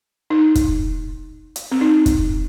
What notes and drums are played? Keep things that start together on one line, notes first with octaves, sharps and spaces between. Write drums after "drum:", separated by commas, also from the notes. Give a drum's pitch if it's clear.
D#4
drum: kick, hi-hat
drum: hi-hat
C4
D#4
drum: kick, hi-hat